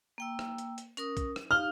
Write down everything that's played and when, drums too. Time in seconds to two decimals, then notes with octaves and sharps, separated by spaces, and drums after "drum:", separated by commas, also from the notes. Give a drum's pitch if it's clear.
0.18 A#3 G5 E6
0.39 drum: rim click
0.58 drum: hi-hat
0.78 drum: hi-hat
0.97 C#4 A#4 D#6, drum: hi-hat
1.17 drum: kick B1, hi-hat
1.36 drum: rim click
1.51 D#4 G4 F5 F6